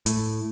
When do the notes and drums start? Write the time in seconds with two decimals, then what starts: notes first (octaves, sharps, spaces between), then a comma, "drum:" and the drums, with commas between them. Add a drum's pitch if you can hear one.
0.06 A2, drum: hi-hat